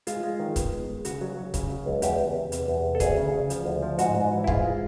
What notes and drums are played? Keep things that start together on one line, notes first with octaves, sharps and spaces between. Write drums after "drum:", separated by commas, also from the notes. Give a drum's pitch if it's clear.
G#3 F4, drum: hi-hat
G#3
D#3
B3, drum: kick, hi-hat
G#3
G#3
C#3 F#4, drum: hi-hat
F#3
F#3
C#3, drum: kick, hi-hat
F#3
C#2
E2 G4, drum: hi-hat
E2
E2
C3, drum: hi-hat
E2
C3
A4
D2 G#4, drum: kick, hi-hat
C#3
C#3
F3, drum: hi-hat
D2
F3
G#2 F#4, drum: hi-hat
G#2
E3
E4
G#3 F4, drum: kick
G#3